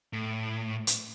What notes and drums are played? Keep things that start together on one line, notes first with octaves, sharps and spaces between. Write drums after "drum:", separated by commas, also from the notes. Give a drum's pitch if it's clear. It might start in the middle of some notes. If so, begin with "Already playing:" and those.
A2
drum: hi-hat